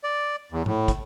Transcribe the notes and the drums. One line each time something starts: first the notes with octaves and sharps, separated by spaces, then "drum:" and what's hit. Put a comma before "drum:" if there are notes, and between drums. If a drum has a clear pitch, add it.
D5
E2
A2, drum: tom G#2
drum: kick, hi-hat